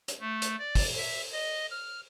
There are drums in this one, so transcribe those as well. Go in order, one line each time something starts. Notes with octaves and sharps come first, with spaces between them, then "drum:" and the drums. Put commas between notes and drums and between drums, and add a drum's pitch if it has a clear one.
drum: hi-hat
A3
drum: hi-hat
D5
drum: kick, open hi-hat
E5
D#5
F6